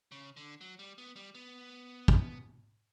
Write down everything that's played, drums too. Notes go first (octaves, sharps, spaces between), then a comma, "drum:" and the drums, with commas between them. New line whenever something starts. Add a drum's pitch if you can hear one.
C#3
D3
F#3
G3
B3
G3
B3
drum: kick